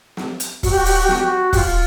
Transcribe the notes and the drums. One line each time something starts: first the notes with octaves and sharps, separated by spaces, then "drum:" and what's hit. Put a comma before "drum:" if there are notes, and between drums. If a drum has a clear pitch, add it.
drum: snare
drum: hi-hat
F#4, drum: kick, open hi-hat
G4
F#4
G4, drum: open hi-hat
F#4
G4
F#4, drum: snare
G4
F#4
G4, drum: kick, open hi-hat
F4